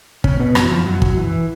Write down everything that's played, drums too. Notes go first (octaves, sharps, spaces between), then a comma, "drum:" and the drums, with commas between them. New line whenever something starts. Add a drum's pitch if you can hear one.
C#3 C#4, drum: kick
B2 B3
F#2 F#3, drum: rim click
E3
F2 F3
F#2 F#3
drum: kick
E3